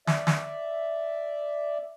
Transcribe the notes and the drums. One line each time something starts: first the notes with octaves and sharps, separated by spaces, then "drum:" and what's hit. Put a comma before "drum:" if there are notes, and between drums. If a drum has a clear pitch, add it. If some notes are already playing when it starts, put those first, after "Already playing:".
D5 E5, drum: snare
drum: snare